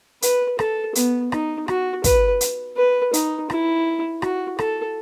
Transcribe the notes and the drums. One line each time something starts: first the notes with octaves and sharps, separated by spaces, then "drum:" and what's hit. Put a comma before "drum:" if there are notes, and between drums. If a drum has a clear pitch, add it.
B4, drum: hi-hat
A4, drum: rim click
B3, drum: hi-hat
D#4, drum: rim click
F#4, drum: rim click
B4, drum: kick, hi-hat
drum: hi-hat
B4
D#4, drum: hi-hat
E4, drum: rim click
F#4, drum: rim click
A4, drum: rim click